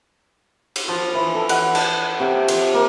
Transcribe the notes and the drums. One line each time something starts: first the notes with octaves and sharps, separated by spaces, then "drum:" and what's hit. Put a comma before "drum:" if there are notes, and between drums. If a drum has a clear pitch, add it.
drum: cymbal
F3
E3
A4
F#5, drum: cymbal
A5, drum: cymbal
C3
F3, drum: cymbal
A#3